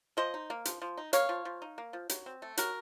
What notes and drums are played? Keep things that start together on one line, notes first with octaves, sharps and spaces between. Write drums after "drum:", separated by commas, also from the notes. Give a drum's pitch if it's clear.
F3 C5 D#5
D#4
A#3
F3, drum: hi-hat
F3
D#4
A#3 C#5 F5, drum: hi-hat
F3
F3
D#4
A#3
F3
F#3, drum: hi-hat
C4
A3
F#3 F#4 A#4, drum: hi-hat